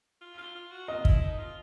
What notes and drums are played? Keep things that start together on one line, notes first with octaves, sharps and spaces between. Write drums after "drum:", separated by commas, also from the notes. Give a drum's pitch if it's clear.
F4
F4
F4
F#4
F4 D#5
E4, drum: kick
D#4
F4